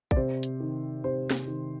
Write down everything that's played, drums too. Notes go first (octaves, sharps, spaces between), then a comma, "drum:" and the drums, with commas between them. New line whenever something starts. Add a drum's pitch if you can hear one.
D5, drum: kick
C3 C5
drum: hi-hat
D#3
C3 C5
drum: snare
D#3